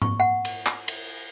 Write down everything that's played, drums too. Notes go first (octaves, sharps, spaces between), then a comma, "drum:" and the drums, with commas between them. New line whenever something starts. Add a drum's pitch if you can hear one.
C#6, drum: tom G#2
F#5
drum: cymbal
drum: clap
drum: cymbal